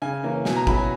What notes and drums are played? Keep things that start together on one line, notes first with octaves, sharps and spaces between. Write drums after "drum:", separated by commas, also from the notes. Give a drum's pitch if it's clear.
C#3 G#5
E3 A#3 C#4
B2 G#5, drum: snare
A#5
F#3 C#4 E4 B5, drum: kick
G#5